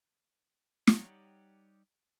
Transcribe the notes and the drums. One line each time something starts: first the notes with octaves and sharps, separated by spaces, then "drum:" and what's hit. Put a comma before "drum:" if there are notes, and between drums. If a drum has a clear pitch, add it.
G3 D#4 G4 C#5 F#5, drum: snare